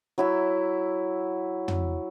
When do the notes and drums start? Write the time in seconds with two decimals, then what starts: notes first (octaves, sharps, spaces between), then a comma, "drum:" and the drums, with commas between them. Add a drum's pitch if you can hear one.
0.18 F#3 E4 E5
1.68 drum: tom